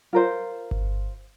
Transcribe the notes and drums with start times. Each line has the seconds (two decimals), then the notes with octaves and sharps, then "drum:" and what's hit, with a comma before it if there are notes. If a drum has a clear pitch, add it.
0.13 F4 A#4 C5
0.71 drum: kick G1